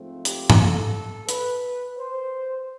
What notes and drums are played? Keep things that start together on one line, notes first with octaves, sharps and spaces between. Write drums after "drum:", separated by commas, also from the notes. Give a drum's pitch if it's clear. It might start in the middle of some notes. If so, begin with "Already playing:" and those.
Already playing: G#2 F3 A3 C4
G4, drum: hi-hat
drum: tom G#2
A4
B4, drum: hi-hat
C5